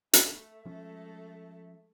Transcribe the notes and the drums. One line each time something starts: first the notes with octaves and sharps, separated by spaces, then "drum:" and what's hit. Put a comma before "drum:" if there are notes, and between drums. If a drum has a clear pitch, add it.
A3 E5, drum: hi-hat
F3 G#3 A3 C#4 A4